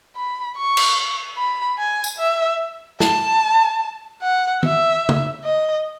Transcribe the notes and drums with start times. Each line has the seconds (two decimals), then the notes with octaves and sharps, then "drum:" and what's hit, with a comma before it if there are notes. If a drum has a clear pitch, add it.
0.16 B5
0.57 C#6
0.77 drum: cymbal
1.38 B5
1.79 G#5
2.04 drum: tambourine
2.18 E5
3.00 A5, drum: snare
4.22 F#5
4.63 E5, drum: tom D#3
5.09 drum: tom
5.44 D#5